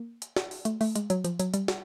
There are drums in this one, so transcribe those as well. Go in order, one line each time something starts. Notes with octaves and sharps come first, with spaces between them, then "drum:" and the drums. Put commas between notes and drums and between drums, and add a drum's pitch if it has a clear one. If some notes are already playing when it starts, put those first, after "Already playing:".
Already playing: A#3
drum: hi-hat
drum: snare
drum: open hi-hat
A3, drum: hi-hat
A3, drum: open hi-hat
G#3, drum: hi-hat
F#3, drum: hi-hat
F3, drum: hi-hat
F#3, drum: hi-hat
G3, drum: hi-hat
drum: snare